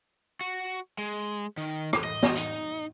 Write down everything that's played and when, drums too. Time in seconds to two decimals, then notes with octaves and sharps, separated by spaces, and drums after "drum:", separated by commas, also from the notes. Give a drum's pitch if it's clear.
0.41 F#4
0.98 G#3
1.57 D#3
1.93 drum: rim click
2.04 D#5
2.23 drum: snare
2.37 D#4, drum: hi-hat